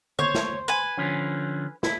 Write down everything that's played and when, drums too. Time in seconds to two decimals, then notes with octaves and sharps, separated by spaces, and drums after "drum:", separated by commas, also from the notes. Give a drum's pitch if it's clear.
0.19 C5 C#5, drum: tom D3
0.34 drum: snare
0.68 B4 G#5
0.98 D3 F3 C#4
1.83 E4, drum: snare